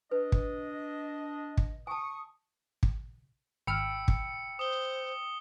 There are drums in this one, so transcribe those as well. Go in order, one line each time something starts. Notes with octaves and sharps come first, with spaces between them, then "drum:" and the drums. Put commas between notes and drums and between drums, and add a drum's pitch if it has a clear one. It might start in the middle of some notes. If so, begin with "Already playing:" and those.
D4 B4 D#5
drum: kick
drum: kick
G#5 A5 C#6 D#6
drum: kick
G#1 G5 B5 E6 F6 C#7
drum: kick
C5 D#6 G7